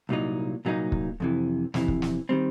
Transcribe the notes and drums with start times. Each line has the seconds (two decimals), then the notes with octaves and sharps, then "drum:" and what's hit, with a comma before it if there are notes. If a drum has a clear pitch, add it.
0.09 C2 A#2 F#3 A#3 D#4
0.65 C2 A#2 F#3 A#3 D#4
0.92 drum: kick
1.20 F2 C3 E3
1.74 F2 C3 E3, drum: snare
1.88 drum: kick
2.02 drum: snare
2.29 D#3 G3 C4